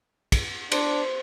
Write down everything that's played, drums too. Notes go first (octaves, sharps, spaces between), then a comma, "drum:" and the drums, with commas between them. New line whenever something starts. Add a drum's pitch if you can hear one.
drum: kick, cymbal
D4 C5, drum: cymbal